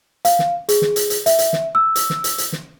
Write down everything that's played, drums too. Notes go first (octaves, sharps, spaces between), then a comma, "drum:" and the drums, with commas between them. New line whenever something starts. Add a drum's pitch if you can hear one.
F5, drum: hi-hat
drum: snare
G#4, drum: hi-hat
drum: snare
drum: hi-hat
drum: hi-hat
E5, drum: hi-hat
drum: hi-hat
drum: snare
E6
drum: hi-hat
drum: snare
drum: hi-hat
drum: hi-hat
drum: snare